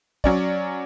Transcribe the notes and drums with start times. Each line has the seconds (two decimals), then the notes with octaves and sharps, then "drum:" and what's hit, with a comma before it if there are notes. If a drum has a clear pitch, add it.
0.24 F#3 C#4 D5, drum: kick